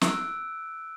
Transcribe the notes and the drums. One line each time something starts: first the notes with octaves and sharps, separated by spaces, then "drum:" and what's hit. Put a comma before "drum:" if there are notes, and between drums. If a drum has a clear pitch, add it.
E6 F#6 D7, drum: snare